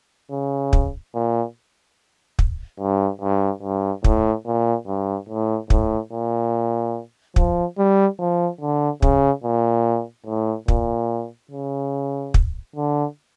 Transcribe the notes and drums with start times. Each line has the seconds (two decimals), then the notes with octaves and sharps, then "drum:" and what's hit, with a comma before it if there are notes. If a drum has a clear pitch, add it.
0.31 C#3
0.73 drum: kick
1.14 A#2
2.39 drum: kick
2.80 G2
3.21 G2
3.63 G2
4.04 A2, drum: kick
4.46 A#2
4.87 G2
5.29 A2
5.70 A2, drum: kick
6.12 A#2
7.36 F3, drum: kick
7.78 G3
8.19 F3
8.61 D3
9.02 C#3, drum: kick
9.44 A#2
10.27 A2
10.68 A#2, drum: kick
11.51 C#3
12.34 drum: kick
12.76 D3